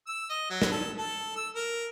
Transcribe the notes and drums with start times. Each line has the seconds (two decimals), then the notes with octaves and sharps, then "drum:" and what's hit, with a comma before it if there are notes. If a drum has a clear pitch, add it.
0.07 E6
0.29 D#5
0.50 F#3
0.62 drum: snare
0.71 A4
0.97 A4
1.36 E6
1.55 A#4